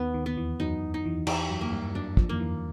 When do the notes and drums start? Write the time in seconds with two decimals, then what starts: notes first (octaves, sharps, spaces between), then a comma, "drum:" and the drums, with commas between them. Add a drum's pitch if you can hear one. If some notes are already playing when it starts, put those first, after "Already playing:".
Already playing: D#2 D#3 B3
0.14 D#2 D#3
0.26 B3
0.37 E2 E3
0.59 F#2 F#3 D#4
0.94 D#4
1.05 E2 E3
1.27 E2 E3 G4, drum: cymbal
1.49 F#2 F#3
1.61 A#3
1.72 G2 G3
1.95 F#2 F#3 D4
2.17 F2 F3, drum: kick
2.29 D#3 A#3
2.40 E2 E3